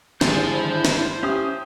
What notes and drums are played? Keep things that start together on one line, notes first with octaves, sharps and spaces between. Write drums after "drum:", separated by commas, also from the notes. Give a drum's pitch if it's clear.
G#1 D3 G3 D4 E4 G#4 C5 A5, drum: snare
drum: snare
C#4 E4 G4 D#6